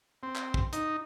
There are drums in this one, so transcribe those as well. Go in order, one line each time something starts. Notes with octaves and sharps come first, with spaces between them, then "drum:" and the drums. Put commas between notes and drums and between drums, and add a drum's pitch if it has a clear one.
C4
drum: clap
drum: kick
D#4, drum: hi-hat